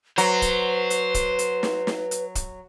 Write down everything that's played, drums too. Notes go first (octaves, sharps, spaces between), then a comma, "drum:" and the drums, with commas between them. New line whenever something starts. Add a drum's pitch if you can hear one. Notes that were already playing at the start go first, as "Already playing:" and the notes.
F#3 B4 C5, drum: hi-hat
drum: kick, hi-hat
drum: hi-hat
drum: kick, hi-hat
drum: hi-hat
drum: snare
drum: snare
drum: hi-hat
drum: kick, hi-hat